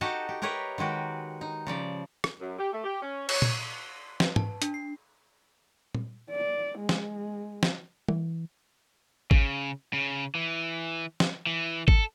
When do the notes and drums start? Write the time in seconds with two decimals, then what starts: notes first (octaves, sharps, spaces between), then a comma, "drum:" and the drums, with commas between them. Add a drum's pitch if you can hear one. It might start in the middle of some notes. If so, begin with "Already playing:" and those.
0.01 D#4 F#4 G4 A4 D#5 A5
0.29 G4
0.42 G4 A#4 B4 C#5 D#5 E5
0.78 D#3 G#3 F#4 G4
1.41 D#4
1.67 C#3 F3 D5
2.24 drum: rim click
2.40 F#2
2.58 G4
2.73 A3
2.84 G4
3.02 C#4
3.29 C#5, drum: cymbal
3.42 drum: tom A#2
4.20 B4, drum: snare
4.36 A5, drum: tom G#2
4.62 D4, drum: hi-hat
4.74 C7
5.95 drum: tom A#2
6.31 D5
6.79 G#3
6.89 drum: snare
7.63 drum: snare
8.09 E3, drum: tom
9.31 C#3, drum: kick
9.94 C#3
10.35 E3
11.20 drum: snare
11.47 E3
11.88 A4, drum: kick